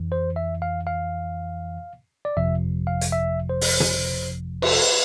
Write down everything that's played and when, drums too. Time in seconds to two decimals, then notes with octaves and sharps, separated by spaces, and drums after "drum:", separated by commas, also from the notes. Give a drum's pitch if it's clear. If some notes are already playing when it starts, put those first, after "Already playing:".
Already playing: F2 E3
0.12 C5
0.36 E5
0.62 F5
0.87 F5
2.25 D5
2.37 G1 F2 C3 F3 E5
2.87 F5
3.01 drum: hi-hat
3.12 E5
3.49 C5
3.61 drum: open hi-hat
3.80 drum: tom
4.62 B4, drum: cymbal
4.72 A4
4.81 B4